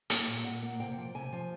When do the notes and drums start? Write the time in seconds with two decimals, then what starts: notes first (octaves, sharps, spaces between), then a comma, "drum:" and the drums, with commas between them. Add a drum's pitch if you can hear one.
0.10 A#3 G5, drum: hi-hat
0.27 A#2
0.44 A#2 F#5
0.62 A#3
0.80 C3 G5
0.97 F3
1.15 C3 G#5
1.32 F3